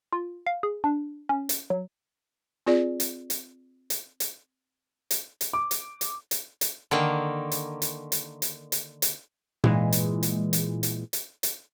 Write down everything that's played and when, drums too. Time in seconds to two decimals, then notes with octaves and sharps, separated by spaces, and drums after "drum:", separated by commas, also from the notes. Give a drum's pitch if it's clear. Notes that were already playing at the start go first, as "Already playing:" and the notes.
0.13 F4
0.46 F5
0.63 G#4
0.84 D4
1.29 C#4
1.49 drum: hi-hat
1.70 F#3
2.67 C4 F4 G#4 D5
3.00 drum: hi-hat
3.30 drum: hi-hat
3.90 drum: hi-hat
4.20 drum: hi-hat
5.11 drum: hi-hat
5.41 drum: hi-hat
5.53 D6
5.71 drum: hi-hat
6.01 drum: hi-hat
6.31 drum: hi-hat
6.61 drum: hi-hat
6.91 D3 D#3 A#3
7.52 drum: hi-hat
7.82 drum: hi-hat
8.12 drum: hi-hat
8.42 drum: hi-hat
8.72 drum: hi-hat
9.02 drum: hi-hat
9.64 A#2 E3 G#3, drum: tom
9.92 drum: hi-hat
10.23 drum: hi-hat
10.53 drum: hi-hat
10.83 drum: hi-hat
11.13 drum: hi-hat
11.43 drum: hi-hat